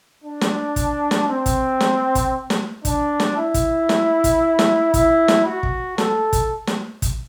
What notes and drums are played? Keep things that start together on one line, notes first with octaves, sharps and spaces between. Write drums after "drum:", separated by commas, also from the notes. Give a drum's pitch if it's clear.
D4
drum: snare
drum: kick, hi-hat
drum: snare
C4
drum: kick, hi-hat
drum: snare
drum: kick, hi-hat
drum: snare
D4, drum: kick, hi-hat
drum: snare
E4
drum: kick, hi-hat
drum: snare
drum: kick, hi-hat
drum: snare
E4, drum: kick, hi-hat
drum: snare
F#4
drum: kick
A4, drum: snare
drum: kick, hi-hat
drum: snare
drum: kick, hi-hat